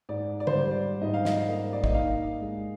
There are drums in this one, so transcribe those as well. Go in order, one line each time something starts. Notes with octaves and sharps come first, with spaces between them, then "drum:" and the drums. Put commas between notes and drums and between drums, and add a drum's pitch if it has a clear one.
G#2 D5
D5
C5, drum: tom
G3 D5
D5
G#2 D#5
F5
D#5, drum: snare
A#3
D5
D#5, drum: kick
D#4 F5
G#3